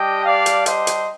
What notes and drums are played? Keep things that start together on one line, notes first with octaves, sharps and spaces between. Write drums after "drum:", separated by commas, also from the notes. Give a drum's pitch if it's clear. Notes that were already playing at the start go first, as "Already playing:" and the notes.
Already playing: G3 D4 G4 D#5 G5
D5 F5
drum: hi-hat
C5 D#5, drum: hi-hat
drum: hi-hat